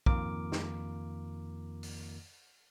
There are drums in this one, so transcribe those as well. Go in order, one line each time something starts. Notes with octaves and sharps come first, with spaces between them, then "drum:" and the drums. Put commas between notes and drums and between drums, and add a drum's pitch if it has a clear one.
F2 D#3 A#3 F4 A#4 D6, drum: kick
drum: snare
drum: open hi-hat